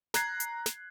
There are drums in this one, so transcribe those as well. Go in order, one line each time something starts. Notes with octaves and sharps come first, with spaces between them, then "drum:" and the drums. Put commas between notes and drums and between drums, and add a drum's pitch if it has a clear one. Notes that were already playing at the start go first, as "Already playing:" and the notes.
A#5 F#6 G#6 C7, drum: snare
drum: hi-hat
drum: snare